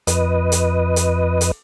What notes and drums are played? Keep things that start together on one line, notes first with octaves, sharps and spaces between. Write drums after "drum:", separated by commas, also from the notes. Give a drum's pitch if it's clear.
F2 B4 D#5, drum: hi-hat
drum: hi-hat
drum: hi-hat
drum: hi-hat